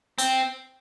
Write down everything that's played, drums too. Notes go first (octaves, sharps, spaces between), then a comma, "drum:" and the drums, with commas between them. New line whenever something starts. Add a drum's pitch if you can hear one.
C4, drum: hi-hat